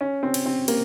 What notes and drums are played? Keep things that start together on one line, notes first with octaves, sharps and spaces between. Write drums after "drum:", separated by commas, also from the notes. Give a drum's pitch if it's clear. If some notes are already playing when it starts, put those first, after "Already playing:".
C#4
C4
drum: cymbal
C4
A#3, drum: cymbal